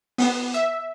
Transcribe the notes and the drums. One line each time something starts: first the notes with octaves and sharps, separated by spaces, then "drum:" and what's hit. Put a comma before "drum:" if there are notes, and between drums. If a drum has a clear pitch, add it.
B3, drum: open hi-hat
E5